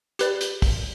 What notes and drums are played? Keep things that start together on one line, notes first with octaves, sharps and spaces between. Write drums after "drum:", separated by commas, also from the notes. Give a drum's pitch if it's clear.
G4 B4 D5, drum: hi-hat
drum: hi-hat
drum: kick, open hi-hat